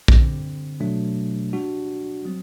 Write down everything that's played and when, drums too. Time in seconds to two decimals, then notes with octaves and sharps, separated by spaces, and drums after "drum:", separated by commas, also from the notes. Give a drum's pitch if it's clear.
0.08 D3 G3 C4, drum: kick
0.80 B2 F#3 A3 D4
1.53 G3 D4 F#4
2.25 F#3 C4